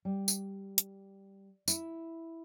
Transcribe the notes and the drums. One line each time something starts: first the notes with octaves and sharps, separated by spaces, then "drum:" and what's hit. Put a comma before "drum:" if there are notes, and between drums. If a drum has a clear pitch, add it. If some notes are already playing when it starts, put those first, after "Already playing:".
G3
drum: tambourine
drum: hi-hat
E4, drum: tambourine